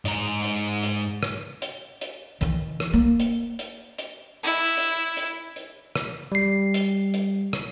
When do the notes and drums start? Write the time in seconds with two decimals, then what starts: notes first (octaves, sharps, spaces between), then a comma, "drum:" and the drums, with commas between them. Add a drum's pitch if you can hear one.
0.05 G#2 A#5, drum: hi-hat
0.44 drum: hi-hat
0.83 drum: hi-hat
1.23 drum: rim click
1.62 drum: hi-hat
2.01 drum: hi-hat
2.41 D#3 E3, drum: hi-hat
2.80 drum: rim click
2.93 A#3
3.20 drum: hi-hat
3.59 drum: hi-hat
3.98 drum: hi-hat
4.43 E4
4.77 drum: hi-hat
5.17 drum: hi-hat
5.56 drum: hi-hat
5.96 drum: rim click
6.32 G3 C7
6.74 drum: hi-hat
7.14 drum: hi-hat
7.53 drum: rim click